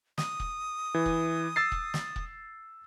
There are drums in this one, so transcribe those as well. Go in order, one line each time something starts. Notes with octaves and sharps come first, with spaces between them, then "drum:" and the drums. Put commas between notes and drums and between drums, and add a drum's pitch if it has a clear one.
D#6, drum: snare
drum: kick
E3
drum: kick
E6 A6 C7
drum: kick
drum: snare
drum: kick